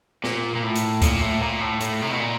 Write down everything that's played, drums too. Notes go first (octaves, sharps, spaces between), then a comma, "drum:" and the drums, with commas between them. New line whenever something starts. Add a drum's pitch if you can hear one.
A#2, drum: snare
A#2
A2
drum: hi-hat
A#2, drum: kick C#2, hi-hat
A2
A#2
A2
A2, drum: hi-hat
C3
B2
A#2